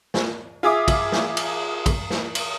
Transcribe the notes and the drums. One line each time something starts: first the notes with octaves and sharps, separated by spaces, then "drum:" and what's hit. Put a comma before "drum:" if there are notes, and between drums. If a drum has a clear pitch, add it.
drum: snare
F4 G#4 E5 D6 D#6
drum: kick, cymbal
drum: snare
drum: cymbal
drum: kick, cymbal
drum: snare
drum: cymbal